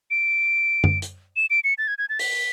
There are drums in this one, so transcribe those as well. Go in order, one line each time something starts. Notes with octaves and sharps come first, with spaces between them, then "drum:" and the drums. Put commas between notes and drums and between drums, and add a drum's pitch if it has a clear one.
D7
drum: tom F#2
drum: hi-hat
E7
D7
C#7
A6
G#6
G#6
A6
B6, drum: open hi-hat